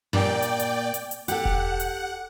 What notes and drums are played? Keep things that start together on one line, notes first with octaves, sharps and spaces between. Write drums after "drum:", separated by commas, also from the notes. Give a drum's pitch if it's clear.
G2 A#2 D5 G5
drum: hi-hat
drum: hi-hat
drum: hi-hat
drum: hi-hat
G4 A4 F#5, drum: hi-hat
drum: kick E1
drum: hi-hat